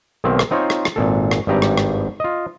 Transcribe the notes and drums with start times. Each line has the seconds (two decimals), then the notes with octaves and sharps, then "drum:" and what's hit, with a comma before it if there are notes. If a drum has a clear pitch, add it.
0.24 B1 D#3 A#3 C4 E5
0.39 drum: rim click
0.51 C4 D#4 F4 C5 C#5
0.70 drum: rim click
0.85 drum: rim click
0.96 G#1 A#2 A4
1.31 drum: rim click
1.47 G#1 G2 G4 A#5
1.62 drum: rim click
1.78 drum: rim click
2.20 F4 D#5